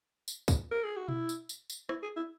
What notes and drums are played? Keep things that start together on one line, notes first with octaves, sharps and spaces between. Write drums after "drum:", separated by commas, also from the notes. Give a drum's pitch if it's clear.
drum: tambourine
drum: kick, tambourine
A#4
G#4
F#4
E4, drum: tom B2
drum: tambourine
drum: tambourine
drum: tambourine
E4, drum: rim click
G#4
E4